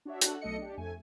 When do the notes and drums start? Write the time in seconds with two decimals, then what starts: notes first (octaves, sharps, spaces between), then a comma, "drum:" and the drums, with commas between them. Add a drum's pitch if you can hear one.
0.05 D4 F#4 C#5 E5
0.21 D4 F#4 A4 F#6, drum: hi-hat
0.41 B1 A3 A4 D#5 C#7
0.58 D4 G4
0.77 F2 A3 G#5